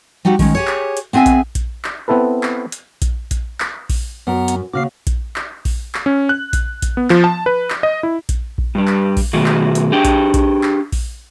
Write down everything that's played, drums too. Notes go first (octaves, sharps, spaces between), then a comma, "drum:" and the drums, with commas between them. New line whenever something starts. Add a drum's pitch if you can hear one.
G3 D#4 F#4 G4
D#3 G#3 C#4, drum: kick A#1, open hi-hat
G4 G#4 C#5
drum: clap
drum: hi-hat
B3 C4 G#4 E5 G#5
drum: kick A#1, hi-hat
drum: kick A#1, hi-hat
drum: clap
B3 C4 E4 A4 B4
drum: clap
drum: hi-hat
drum: kick A#1, hi-hat
drum: kick A#1, hi-hat
drum: clap
drum: kick A#1, open hi-hat
F#2 B3 F#5 A#5
drum: hi-hat
D#2 C#3 F#4 D6 F6 C7
drum: kick A#1, hi-hat
drum: clap
drum: kick A#1, open hi-hat
drum: clap
C#4
F#6
drum: kick A#1, hi-hat
drum: kick A#1, hi-hat
B3
F3, drum: clap
A5
B4
drum: clap
D#5
E4
drum: kick A#1, hi-hat
drum: kick A#1
G2 G3
drum: clap
drum: kick A#1, open hi-hat
B2 D#3 A3 F#4 G#4
drum: clap
drum: hi-hat
D4 G4 G#4 G5
drum: kick A#1, hi-hat
drum: kick A#1, hi-hat
drum: clap
drum: kick A#1, open hi-hat